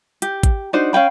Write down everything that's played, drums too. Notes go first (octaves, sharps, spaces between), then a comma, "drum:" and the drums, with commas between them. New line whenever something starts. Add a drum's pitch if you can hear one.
G4, drum: hi-hat
drum: kick G#1, hi-hat
D4 D#4 F#4 C5
C#4 F5 G5 B5